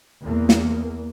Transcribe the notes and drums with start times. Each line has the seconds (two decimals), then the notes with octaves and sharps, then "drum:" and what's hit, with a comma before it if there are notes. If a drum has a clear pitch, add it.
0.24 E2 A#3
0.49 drum: snare